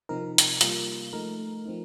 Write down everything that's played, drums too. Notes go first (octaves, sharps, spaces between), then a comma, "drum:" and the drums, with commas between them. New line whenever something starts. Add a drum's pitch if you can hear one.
C3 F3 C4 D#4 A#4
drum: hi-hat
C3 G3 A#3 F4, drum: hi-hat
F3 A3 D#4 A#4
F3 C4 D#4